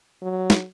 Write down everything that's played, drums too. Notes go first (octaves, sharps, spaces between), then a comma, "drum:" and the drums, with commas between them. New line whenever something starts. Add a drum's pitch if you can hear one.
F#3
drum: snare